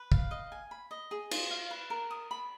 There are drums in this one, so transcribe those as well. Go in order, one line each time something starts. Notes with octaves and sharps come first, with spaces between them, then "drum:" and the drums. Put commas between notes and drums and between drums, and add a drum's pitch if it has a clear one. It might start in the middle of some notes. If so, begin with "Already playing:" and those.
Already playing: B4
F5, drum: kick
D#5
G#5
B5
D#5
G#4
F4, drum: cymbal
F5
B4
A#4
D#6
B5